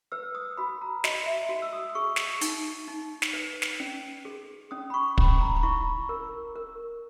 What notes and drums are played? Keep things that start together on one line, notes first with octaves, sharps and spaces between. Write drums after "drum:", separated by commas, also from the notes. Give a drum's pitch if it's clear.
B4 E6
D#6
F#4 B5
A#5
F#4 D#5, drum: snare
E5
F#4
E6
D#6
G#4 C#6
drum: snare
D#4, drum: hi-hat
D#4
drum: snare
B4
drum: snare
C#4
G#4
C#4 D#6
B5
C#6
C#4 B5, drum: kick
A#5
B5
E4 C#6
A#4
A#4